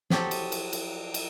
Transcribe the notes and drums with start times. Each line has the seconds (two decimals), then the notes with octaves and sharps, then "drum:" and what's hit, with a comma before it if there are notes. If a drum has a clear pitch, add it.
0.10 F3 F#3 G4 A4, drum: snare
0.31 drum: cymbal
0.52 drum: cymbal
0.73 drum: cymbal
1.14 drum: cymbal